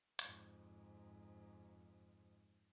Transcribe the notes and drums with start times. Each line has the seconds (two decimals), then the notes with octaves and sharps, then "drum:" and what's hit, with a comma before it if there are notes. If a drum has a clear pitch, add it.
0.19 F2 G#2, drum: hi-hat